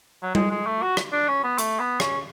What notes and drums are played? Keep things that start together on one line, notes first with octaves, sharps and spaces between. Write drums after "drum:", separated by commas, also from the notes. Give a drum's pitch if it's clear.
F#3
G#3, drum: tom G3
G#3
A3
F#4
drum: rim click
D4
C#4
B3
A3, drum: hi-hat
B3
C#4, drum: rim click